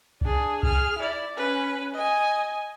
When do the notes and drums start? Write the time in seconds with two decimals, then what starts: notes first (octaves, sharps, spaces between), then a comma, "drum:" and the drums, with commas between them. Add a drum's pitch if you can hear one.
0.21 D4 G#4, drum: kick
0.63 G#4 F6, drum: kick
0.99 E4 D5
1.36 C#4 B4
1.95 D#5 G#5